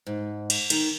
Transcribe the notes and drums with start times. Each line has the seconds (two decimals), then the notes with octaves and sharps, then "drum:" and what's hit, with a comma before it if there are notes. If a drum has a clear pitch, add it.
0.07 G#2
0.50 drum: cymbal
0.70 D#3, drum: cymbal